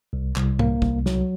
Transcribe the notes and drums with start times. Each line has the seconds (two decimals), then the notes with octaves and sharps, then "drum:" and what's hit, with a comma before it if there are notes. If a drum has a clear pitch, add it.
0.13 C2
0.36 C2, drum: clap
0.59 A#3, drum: tom G#2
0.82 C2, drum: kick
1.06 F#3, drum: snare